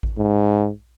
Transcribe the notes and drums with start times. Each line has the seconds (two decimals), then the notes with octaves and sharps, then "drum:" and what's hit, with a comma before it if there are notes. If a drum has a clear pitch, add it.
0.03 drum: kick A1
0.17 G#2